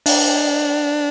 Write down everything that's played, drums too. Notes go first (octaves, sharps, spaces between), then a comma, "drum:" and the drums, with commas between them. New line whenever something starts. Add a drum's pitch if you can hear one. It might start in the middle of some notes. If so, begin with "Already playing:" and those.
D4, drum: open hi-hat